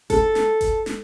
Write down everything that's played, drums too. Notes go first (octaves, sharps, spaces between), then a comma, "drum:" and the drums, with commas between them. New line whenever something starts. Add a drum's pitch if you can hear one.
A4, drum: kick F#1, hi-hat
drum: snare
drum: kick F#1, hi-hat
drum: snare